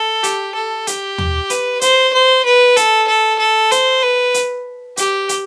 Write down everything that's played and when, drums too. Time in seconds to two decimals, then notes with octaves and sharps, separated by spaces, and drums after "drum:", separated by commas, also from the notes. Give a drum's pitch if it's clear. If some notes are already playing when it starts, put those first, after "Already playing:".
Already playing: A4
0.23 G4, drum: hi-hat
0.55 A4
0.87 G4, drum: hi-hat
1.18 drum: tom
1.50 B4, drum: hi-hat
1.81 C5, drum: hi-hat
2.13 C5
2.45 B4
2.77 A4, drum: hi-hat
3.08 A4
3.39 A4
3.71 C5, drum: hi-hat
4.03 B4
4.34 drum: hi-hat
4.97 G4, drum: hi-hat
5.29 drum: hi-hat